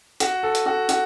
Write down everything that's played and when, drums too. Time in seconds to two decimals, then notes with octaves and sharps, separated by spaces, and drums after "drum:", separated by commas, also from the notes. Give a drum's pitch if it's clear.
0.20 F#4, drum: hi-hat
0.43 A4
0.55 drum: hi-hat
0.66 F#4
0.89 F#4, drum: hi-hat